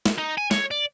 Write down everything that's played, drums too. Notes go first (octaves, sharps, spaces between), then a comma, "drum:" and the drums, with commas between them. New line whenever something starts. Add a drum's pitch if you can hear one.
drum: snare
D#4
G#5
C#5, drum: snare
D5